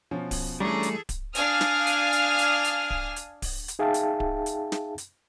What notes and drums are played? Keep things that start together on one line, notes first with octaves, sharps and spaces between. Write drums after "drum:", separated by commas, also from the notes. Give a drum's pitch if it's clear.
B2 F3 C#4
drum: kick D1, open hi-hat
E3 G3 A3 C#4 D4 G#4 A4 A#5
drum: hi-hat
drum: kick D1, hi-hat
D4 F5 G#5 D#6 F6, drum: hi-hat
drum: snare
drum: hi-hat
drum: hi-hat
drum: hi-hat
drum: hi-hat
drum: kick D1
drum: hi-hat
drum: kick D1, open hi-hat
drum: hi-hat
D#4 G#4 E5 F5 G5 A5
drum: hi-hat
drum: kick D1
drum: hi-hat
drum: snare
drum: hi-hat